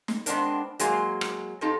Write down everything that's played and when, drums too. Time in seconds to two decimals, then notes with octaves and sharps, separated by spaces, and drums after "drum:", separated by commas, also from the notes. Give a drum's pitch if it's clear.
0.08 drum: snare
0.26 G#3 B3 C4 D4 A#4, drum: hi-hat
0.79 F#3 G#3 A#3 G#4 C5 G#5, drum: hi-hat
1.21 drum: rim click
1.61 F2 F3 C4 D#4 G4 A4